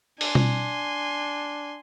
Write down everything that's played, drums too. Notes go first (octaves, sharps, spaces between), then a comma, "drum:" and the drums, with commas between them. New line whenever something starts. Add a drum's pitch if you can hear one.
D4 G#5 C6, drum: open hi-hat
drum: tom B2